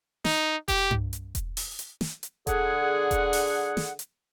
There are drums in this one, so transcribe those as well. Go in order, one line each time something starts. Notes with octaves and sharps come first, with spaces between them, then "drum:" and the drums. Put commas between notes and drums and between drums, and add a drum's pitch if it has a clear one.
D#4, drum: snare
G4, drum: kick E1, hi-hat
drum: tom G2
drum: hi-hat
drum: kick E1, hi-hat
drum: open hi-hat
drum: hi-hat
drum: snare
drum: hi-hat
D3 G#4 F#5, drum: kick E1, hi-hat
drum: kick E1, hi-hat
drum: open hi-hat
drum: snare
drum: hi-hat